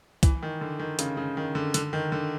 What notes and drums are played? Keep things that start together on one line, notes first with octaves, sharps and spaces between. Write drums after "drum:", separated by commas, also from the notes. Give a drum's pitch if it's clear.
E3, drum: kick C2, hi-hat
D#3
D3
D#3
C#3, drum: hi-hat
C#3
D#3
D3
D3, drum: hi-hat
D#3
D3